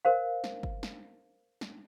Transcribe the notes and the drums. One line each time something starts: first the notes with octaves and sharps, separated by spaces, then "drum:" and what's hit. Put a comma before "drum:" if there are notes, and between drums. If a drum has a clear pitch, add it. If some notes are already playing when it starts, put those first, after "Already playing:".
A#4 C5 F5
drum: snare
drum: kick
drum: snare
drum: snare